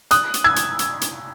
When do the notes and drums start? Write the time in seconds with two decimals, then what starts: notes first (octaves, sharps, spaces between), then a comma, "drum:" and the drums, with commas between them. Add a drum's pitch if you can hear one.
0.11 D#6 F#6, drum: hi-hat
0.34 drum: hi-hat
0.44 E6 G#6
0.56 drum: hi-hat
0.79 drum: hi-hat
1.01 drum: hi-hat